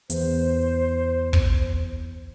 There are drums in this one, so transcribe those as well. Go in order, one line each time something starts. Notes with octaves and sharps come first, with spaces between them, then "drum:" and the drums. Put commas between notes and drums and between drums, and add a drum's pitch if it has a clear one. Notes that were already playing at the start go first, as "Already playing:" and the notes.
E2 C5, drum: hi-hat
drum: kick